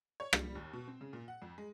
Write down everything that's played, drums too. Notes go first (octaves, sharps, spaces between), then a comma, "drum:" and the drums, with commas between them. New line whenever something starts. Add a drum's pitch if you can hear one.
C#5
G3, drum: rim click
D#2
B2
C4
C#3
A#2
F#5
F2
G#3